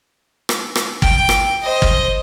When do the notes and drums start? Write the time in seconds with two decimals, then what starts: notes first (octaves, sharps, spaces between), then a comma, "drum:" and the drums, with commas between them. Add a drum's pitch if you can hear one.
0.49 drum: rim click
0.75 drum: rim click
1.02 G5, drum: kick
1.29 drum: rim click
1.62 C5 D#5
1.82 drum: kick